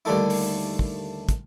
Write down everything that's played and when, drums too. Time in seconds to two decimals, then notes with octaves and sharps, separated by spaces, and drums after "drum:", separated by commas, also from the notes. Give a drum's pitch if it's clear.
0.05 D#2 D3 G3 A3 E4
0.30 drum: open hi-hat
0.79 drum: kick
1.29 drum: kick, hi-hat